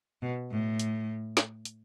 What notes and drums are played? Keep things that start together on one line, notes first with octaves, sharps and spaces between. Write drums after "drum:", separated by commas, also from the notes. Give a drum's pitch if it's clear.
B2
A2
drum: hi-hat
drum: snare
drum: hi-hat